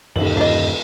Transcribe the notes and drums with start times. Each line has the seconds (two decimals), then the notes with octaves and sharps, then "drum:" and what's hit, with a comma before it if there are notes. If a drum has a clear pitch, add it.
0.16 D#1 F#2 D3 D#3 G3 F#7, drum: cymbal
0.37 F#2 D3 A#3 D4 F4 D#5